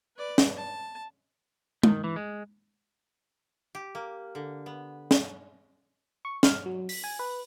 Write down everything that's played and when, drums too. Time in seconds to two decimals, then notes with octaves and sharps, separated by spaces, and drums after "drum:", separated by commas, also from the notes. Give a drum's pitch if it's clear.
0.17 B4 D5
0.38 drum: snare
0.57 A5
1.83 D#3, drum: tom G#3
2.04 E3
2.16 G#3
3.75 G4
3.95 A#3
4.35 D3
4.66 B3
5.11 drum: snare
6.25 C#6
6.43 F6, drum: snare
6.66 F#3
6.89 B6, drum: open hi-hat
7.04 G#5
7.19 B4